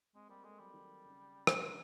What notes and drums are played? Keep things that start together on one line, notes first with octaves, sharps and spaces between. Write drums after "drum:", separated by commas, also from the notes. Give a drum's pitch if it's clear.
G#3 C4
G3 A#3
G#3 A3
F#3 G3
D#3
C#3
D#3 G#3, drum: rim click
D3
C#3